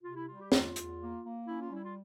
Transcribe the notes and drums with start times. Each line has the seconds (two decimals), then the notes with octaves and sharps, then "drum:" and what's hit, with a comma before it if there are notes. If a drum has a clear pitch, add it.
0.04 C3 F4
0.16 E4
0.28 G3 F4
0.39 G4
0.52 E2 F4, drum: snare
0.76 E2, drum: hi-hat
1.00 A#3
1.24 A#3
1.48 C#4 E4
1.60 F4
1.71 G3 E4
1.84 F4